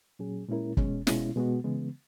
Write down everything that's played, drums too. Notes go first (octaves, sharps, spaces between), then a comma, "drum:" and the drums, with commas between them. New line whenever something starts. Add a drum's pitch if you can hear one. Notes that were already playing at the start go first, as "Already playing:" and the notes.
A#2 F#3 C#4 G#4
A#2 G#3 C#4 E4 A#4
E2 B2 G#3 C#4, drum: kick
B2 G#3 C#4 E4, drum: snare
B2 G#3 B3 F#4
C#3 E3 G#3 B3